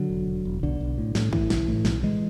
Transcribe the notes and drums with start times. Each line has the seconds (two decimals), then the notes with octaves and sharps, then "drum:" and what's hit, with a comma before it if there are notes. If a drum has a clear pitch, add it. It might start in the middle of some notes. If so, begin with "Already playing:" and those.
Already playing: D3 F#3
0.10 E1
0.27 E1
0.45 E1
0.63 B1 D3
0.80 B1
0.98 A2
1.15 A2, drum: snare
1.33 A2 E3, drum: kick
1.50 B1, drum: snare
1.68 A2
1.85 B1, drum: snare
2.03 A1 E3 G#3